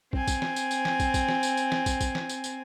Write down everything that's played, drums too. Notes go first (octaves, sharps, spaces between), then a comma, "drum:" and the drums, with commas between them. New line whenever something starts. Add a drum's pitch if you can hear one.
C4 G#5, drum: kick
drum: kick, tambourine
drum: snare
drum: tambourine
drum: tambourine
drum: snare
drum: kick, tambourine
drum: kick, tambourine
drum: snare
drum: tambourine
drum: tambourine
drum: snare
drum: kick, tambourine
drum: kick, tambourine
drum: snare
drum: tambourine
drum: tambourine